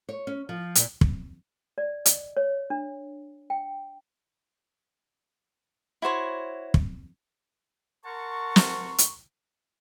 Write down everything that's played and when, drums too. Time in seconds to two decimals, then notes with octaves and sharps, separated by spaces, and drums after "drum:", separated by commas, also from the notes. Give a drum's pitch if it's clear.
0.09 C#5
0.27 C#4
0.49 F3
0.75 A#2, drum: hi-hat
1.01 drum: kick
1.78 D5
2.06 D#5, drum: hi-hat
2.37 C#5
2.70 D4
3.50 G5
6.02 E4 F#4 C5 C#5
6.74 drum: kick
8.05 A#4 F#5 A5 A#5 C6 C#6
8.56 drum: snare
8.98 drum: hi-hat